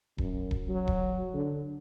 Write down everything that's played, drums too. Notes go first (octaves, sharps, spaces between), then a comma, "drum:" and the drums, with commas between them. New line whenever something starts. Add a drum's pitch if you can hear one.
F#2, drum: kick D#1
drum: kick D#1
F#3
drum: kick D#1
D3